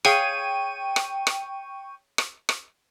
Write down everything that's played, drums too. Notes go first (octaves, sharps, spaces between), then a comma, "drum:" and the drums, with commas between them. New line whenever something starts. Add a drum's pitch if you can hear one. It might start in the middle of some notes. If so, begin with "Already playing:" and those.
G#4 C#5 F5 G5 C#6 D#7, drum: rim click
drum: rim click
drum: rim click
drum: rim click
drum: rim click